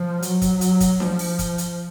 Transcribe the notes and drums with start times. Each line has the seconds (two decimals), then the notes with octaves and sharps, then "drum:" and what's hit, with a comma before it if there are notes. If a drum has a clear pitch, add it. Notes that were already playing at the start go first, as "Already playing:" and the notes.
Already playing: F3
0.22 F#3, drum: hi-hat
0.42 drum: kick, hi-hat
0.61 drum: hi-hat
0.80 drum: kick, hi-hat
1.00 F3, drum: snare D4
1.19 drum: open hi-hat
1.39 drum: kick, hi-hat
1.58 drum: hi-hat